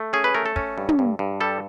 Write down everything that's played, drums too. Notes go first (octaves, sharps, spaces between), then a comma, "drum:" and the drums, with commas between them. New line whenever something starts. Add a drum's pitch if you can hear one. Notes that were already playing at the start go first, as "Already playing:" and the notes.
Already playing: A3
C#4 G#4
B4
A3 A#4
A4
C#4, drum: kick
G2
drum: tom
G2
G2
G3 A4